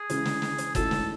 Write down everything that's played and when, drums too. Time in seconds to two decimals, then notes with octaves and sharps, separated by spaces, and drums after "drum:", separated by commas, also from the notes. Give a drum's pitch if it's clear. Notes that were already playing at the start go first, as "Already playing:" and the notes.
Already playing: G#4
0.10 C#3 E3 G#3, drum: hi-hat
0.25 drum: snare
0.42 drum: snare
0.58 drum: hi-hat
0.75 G#2 E3 A3 C#4 F#4 A4, drum: kick F#1, hi-hat
0.91 drum: snare